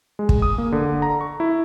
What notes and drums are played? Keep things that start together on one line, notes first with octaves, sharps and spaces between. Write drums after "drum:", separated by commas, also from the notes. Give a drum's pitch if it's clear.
G#3
drum: kick
D#6
A#3
D3
A#5
C#6
E4